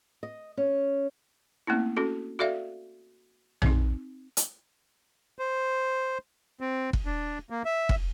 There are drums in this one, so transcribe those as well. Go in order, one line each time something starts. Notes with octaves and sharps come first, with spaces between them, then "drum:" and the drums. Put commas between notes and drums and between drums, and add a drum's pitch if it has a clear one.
D#5
C#4
A3 A#3 C4 C#4 E4
C#4 F#4 A4
F#4 A4 D5 E5 F5
C4 D#4, drum: tom A#1
drum: hi-hat
C5
C4
drum: kick F1
D4
A#3
E5
drum: kick F1